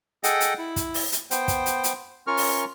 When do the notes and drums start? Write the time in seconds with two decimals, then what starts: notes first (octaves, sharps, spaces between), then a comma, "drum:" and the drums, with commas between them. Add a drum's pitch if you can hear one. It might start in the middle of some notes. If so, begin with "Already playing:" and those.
0.24 G#4 A4 D#5 F#5 G5, drum: hi-hat
0.40 drum: hi-hat
0.58 E4
0.76 drum: kick, hi-hat
0.94 drum: open hi-hat
1.12 drum: hi-hat
1.31 B3 C5 G5, drum: hi-hat
1.48 drum: kick, hi-hat
1.66 drum: hi-hat
1.84 drum: hi-hat
2.27 C#4 F4 A#4 C#6 F6
2.37 drum: open hi-hat